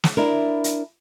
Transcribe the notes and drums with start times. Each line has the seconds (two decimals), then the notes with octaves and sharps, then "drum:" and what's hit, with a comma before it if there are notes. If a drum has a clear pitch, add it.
0.04 drum: snare
0.17 D4 E4 A#4
0.64 drum: hi-hat